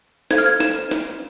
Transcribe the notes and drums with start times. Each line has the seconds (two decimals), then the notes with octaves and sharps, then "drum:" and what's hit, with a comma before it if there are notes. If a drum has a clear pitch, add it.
0.31 A4 C5 F5 G#6, drum: snare
0.38 F6
0.46 G#6
0.60 E7, drum: snare
0.91 drum: snare